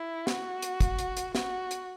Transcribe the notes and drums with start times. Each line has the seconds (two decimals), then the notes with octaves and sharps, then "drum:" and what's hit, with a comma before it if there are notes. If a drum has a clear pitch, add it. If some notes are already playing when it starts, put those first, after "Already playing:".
Already playing: E4
0.27 F#4, drum: snare
0.62 drum: hi-hat
0.81 drum: kick, hi-hat
0.99 drum: hi-hat
1.17 drum: hi-hat
1.35 F#4, drum: snare
1.71 drum: hi-hat